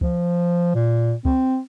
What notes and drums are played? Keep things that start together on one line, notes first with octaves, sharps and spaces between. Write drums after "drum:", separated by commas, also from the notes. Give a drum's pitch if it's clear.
F3, drum: kick
A#2
C4, drum: kick